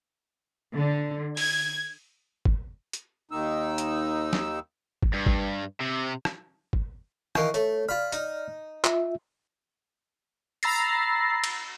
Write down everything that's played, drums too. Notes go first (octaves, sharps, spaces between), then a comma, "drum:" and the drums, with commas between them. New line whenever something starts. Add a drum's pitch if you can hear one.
D3
G#6, drum: open hi-hat
drum: kick
drum: hi-hat
D#2 D#3 D#4 E6
drum: hi-hat
drum: snare
drum: kick
G2
drum: kick
C3
drum: rim click
drum: kick
D#3 E3 F5 C#6, drum: rim click
A3 C#5, drum: hi-hat
F4 D5 B5 F6
D#4, drum: hi-hat
F4 E5, drum: clap
A#5 B5 E6 A6 A#6 C7, drum: hi-hat
drum: cymbal